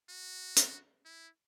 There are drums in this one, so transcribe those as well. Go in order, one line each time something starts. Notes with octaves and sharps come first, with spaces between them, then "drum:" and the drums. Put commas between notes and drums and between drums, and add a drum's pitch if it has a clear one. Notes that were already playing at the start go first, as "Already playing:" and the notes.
F#4
drum: hi-hat
E4